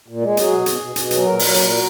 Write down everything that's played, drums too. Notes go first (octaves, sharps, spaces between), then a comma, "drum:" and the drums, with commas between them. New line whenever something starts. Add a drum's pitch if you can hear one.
A#2
G#3
F#3 G#4, drum: hi-hat
B2
B2, drum: hi-hat
B2
B2, drum: hi-hat
F#3, drum: hi-hat
A#2 A#4
F#3, drum: open hi-hat
A#2, drum: hi-hat
F#3